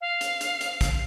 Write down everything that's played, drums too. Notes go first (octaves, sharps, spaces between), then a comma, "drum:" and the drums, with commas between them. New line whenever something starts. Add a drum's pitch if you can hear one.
F5
drum: hi-hat
drum: hi-hat
drum: hi-hat
drum: kick, hi-hat